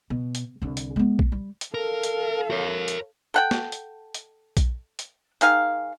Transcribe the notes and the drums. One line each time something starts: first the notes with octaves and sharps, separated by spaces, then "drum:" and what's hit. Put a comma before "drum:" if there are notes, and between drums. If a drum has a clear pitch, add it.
B2
drum: hi-hat
C2 D3
drum: hi-hat
G#3 B3
drum: kick A#1
G3
drum: hi-hat
A4 A#4 F5
drum: hi-hat
A#4 C#5
drum: hi-hat
A4 F#5 G5
drum: snare
drum: hi-hat
drum: hi-hat
drum: kick A#1, hi-hat
drum: hi-hat
D#3 G#4 F5, drum: hi-hat